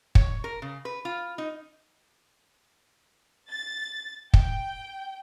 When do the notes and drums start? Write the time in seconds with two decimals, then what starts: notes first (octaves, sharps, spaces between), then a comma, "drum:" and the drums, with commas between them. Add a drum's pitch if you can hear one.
0.15 C#5, drum: kick
0.44 A#4
0.62 C#3
0.85 B4
1.05 F4
1.38 D#4
3.50 A6
4.34 G5, drum: kick